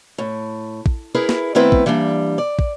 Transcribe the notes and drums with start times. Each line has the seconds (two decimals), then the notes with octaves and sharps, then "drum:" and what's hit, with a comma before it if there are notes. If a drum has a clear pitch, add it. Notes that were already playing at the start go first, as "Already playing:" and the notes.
0.18 A2
0.86 drum: kick
1.15 E4 G#4 A#4 B4
1.29 drum: snare
1.55 D#3 A3 B3 C4 E4 B4
1.72 drum: kick
1.86 E3 G3 A#3 D4
2.38 D5
2.59 drum: kick